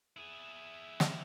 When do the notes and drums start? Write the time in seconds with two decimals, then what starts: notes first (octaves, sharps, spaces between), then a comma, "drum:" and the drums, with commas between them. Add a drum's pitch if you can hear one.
0.17 E4 G#4
1.00 drum: snare